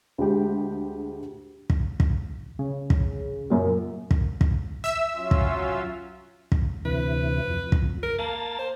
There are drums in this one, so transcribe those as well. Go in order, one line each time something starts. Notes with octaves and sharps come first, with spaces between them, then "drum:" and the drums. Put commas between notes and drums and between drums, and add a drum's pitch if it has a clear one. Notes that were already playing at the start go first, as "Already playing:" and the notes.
D2 G#3 G4
drum: kick
drum: kick
C#3
drum: kick
F#2 A#2
drum: kick
drum: kick
E5 E6
F#3 C#4 F4
drum: kick
drum: kick
D2 C3 E3 B4
F2
drum: kick
A#4
A#3 A5 A#5 A6
C5